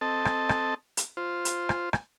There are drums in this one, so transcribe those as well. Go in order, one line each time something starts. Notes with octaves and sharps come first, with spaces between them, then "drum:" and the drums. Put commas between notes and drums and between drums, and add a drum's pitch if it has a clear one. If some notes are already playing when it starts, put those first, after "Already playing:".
C4 A4 D#5 A5
drum: rim click
drum: rim click
drum: hi-hat
F4 C5
drum: hi-hat
drum: rim click
drum: rim click